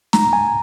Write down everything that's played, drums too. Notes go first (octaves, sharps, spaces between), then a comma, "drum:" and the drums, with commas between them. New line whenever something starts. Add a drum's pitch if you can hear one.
A#5, drum: snare
G#5